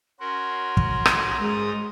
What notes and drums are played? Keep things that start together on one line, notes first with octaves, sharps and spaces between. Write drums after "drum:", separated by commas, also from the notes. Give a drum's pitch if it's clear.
C#4 F#4 A#4 C6
drum: kick
drum: rim click
G#2 G#3 A#5 D#6